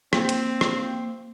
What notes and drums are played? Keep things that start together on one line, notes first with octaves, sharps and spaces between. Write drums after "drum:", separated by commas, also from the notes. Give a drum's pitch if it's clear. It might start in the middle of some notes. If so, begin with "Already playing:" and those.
A#3 C4, drum: rim click
drum: hi-hat
drum: rim click